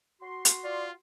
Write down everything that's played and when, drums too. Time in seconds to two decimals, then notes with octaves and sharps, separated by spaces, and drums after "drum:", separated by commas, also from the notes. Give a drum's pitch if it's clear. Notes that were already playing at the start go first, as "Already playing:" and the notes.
0.21 F#4 C6
0.45 drum: hi-hat
0.64 F4 D5